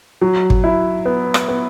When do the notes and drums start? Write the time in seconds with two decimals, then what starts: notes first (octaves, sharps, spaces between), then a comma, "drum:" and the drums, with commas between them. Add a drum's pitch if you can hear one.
0.21 F#3
0.50 drum: kick
0.64 E4
1.06 B3
1.34 drum: rim click
1.49 B3